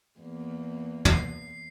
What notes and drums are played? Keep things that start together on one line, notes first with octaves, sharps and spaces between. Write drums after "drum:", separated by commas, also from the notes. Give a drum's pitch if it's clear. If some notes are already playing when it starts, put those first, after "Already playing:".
E2 A#3
C7, drum: tom